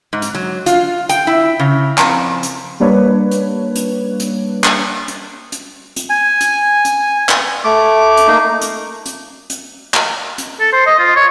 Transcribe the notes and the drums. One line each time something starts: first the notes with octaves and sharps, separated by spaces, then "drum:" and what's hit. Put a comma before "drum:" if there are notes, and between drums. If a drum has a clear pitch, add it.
G#2
drum: hi-hat
F#3
F4, drum: hi-hat
G5, drum: hi-hat
E4
C#3
F2, drum: clap
drum: hi-hat
G3 A#3 D4 B4 C#5
drum: hi-hat
drum: hi-hat
drum: hi-hat
drum: clap
drum: hi-hat
drum: hi-hat
drum: hi-hat
G#5
drum: hi-hat
drum: hi-hat
drum: clap
A3 D6
drum: hi-hat
A#3 D#4
drum: hi-hat
drum: hi-hat
drum: hi-hat
drum: clap
drum: hi-hat
A4
C5
D#5
F4
C#5